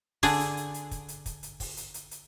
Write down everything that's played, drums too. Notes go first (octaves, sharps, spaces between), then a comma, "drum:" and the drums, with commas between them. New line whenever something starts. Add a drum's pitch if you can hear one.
D3 G#4 D5, drum: kick, open hi-hat
drum: hi-hat
drum: hi-hat
drum: hi-hat
drum: kick, hi-hat
drum: hi-hat
drum: kick, hi-hat
drum: hi-hat
drum: kick, open hi-hat
drum: hi-hat
drum: hi-hat
drum: hi-hat